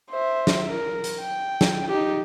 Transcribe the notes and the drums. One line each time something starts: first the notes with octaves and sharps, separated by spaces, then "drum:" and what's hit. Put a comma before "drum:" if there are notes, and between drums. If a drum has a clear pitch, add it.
C5 E5
drum: snare
A#4
drum: hi-hat
G5
drum: snare
D#4 G4